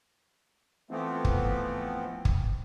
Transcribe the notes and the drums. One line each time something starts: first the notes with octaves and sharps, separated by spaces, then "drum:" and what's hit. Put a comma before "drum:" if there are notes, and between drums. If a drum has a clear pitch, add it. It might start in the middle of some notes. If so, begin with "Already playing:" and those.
E3 F3 A3 B3 C4
drum: kick
drum: kick